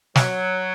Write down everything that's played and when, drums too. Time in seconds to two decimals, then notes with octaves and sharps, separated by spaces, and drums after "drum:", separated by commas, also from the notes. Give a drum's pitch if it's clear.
0.16 F#3, drum: snare